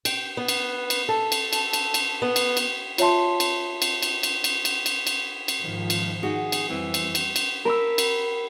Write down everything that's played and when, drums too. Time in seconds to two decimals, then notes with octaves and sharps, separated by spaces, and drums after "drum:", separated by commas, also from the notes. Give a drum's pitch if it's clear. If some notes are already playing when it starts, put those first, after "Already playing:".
0.05 G5, drum: cymbal
0.37 B3
0.48 drum: cymbal
0.90 drum: cymbal
1.09 A4
1.32 drum: cymbal
1.53 drum: cymbal
1.73 drum: cymbal
1.94 drum: cymbal
2.22 B3
2.36 drum: cymbal
2.57 drum: cymbal
2.98 F4 C#5 E5 A5 C6, drum: cymbal
3.40 drum: cymbal
3.82 drum: cymbal
4.02 drum: cymbal
4.23 drum: cymbal
4.44 drum: cymbal
4.65 drum: cymbal
4.86 drum: cymbal
5.07 drum: cymbal
5.48 drum: cymbal
5.61 G#2 D#3 F3
5.90 drum: cymbal
6.23 D#4 F#4 G#4
6.52 drum: cymbal
6.69 F2 E3 G3 C4
6.94 drum: cymbal
7.15 drum: cymbal
7.36 drum: cymbal
7.65 A#4 B5 E6
7.98 drum: cymbal